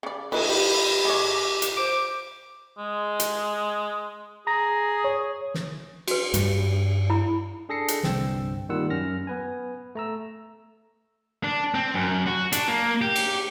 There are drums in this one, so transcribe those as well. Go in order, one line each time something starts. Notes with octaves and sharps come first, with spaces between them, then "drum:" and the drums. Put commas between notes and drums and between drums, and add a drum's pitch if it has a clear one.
C#3 D5
E3 D#4 A4 B4, drum: cymbal
G4 B5, drum: cymbal
G#3 C#5 D6
drum: hi-hat
C5 D6
G#3
drum: hi-hat
G#4 A#5 A#6
C#5
drum: snare
F#4 B4, drum: cymbal
G2 G3, drum: hi-hat
E4 A#5 B5
D4 G#4 A4 A#6 C7 C#7
drum: hi-hat
G1 C2 G2 C4 G5 E6, drum: snare
D#3 G3 A#3 F4 F#5 E6
F#2 C#4 F6 A#6
B3 B4 G#5
A3 A#5 E6
D4
C4
F#2
F#4
D4, drum: hi-hat
A#3
G4
drum: cymbal